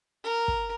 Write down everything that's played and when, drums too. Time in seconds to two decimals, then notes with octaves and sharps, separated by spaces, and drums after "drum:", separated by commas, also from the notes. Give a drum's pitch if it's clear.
0.24 A#4
0.48 drum: kick